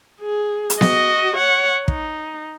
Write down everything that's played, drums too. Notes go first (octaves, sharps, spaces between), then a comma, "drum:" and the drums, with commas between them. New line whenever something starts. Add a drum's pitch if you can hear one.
G#4
drum: hi-hat
F#4 D#5, drum: snare B3
C#5 F#5
D#4, drum: kick